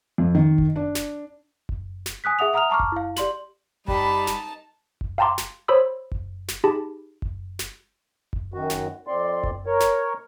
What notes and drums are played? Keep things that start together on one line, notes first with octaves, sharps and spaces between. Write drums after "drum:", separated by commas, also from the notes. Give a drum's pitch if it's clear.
F2
D#3
drum: kick F#1
D4
drum: snare
drum: kick F#1
drum: snare
G#5 D#6 F#6 B6
G#4 E5 F#5 D#6 F7
E5 F#5 A#5 D#6 F6 F7
A5 A#5 C#6 D6 F6
drum: kick F#1
E4 F5
G4 D5 C6 F#7, drum: snare
G3 D#4 A5 B5, drum: kick F#1
drum: snare
drum: kick F#1
F5 G5 A5 A#5 C6 D6
drum: snare
C5 C#5 B5 D#6 E6
drum: kick F#1
drum: snare
D#4 G4 G#4 A5 B5
drum: kick F#1
drum: snare
drum: kick F#1
F#2 D#3 F#4
drum: snare
F2 C4 D5 C6
drum: kick F#1
A#4 C#5
drum: snare